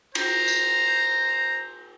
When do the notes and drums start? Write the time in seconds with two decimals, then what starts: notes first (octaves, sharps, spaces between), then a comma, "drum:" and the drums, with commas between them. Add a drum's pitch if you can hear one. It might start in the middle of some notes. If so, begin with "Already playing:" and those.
0.15 C5 A#5, drum: cymbal
0.48 drum: tambourine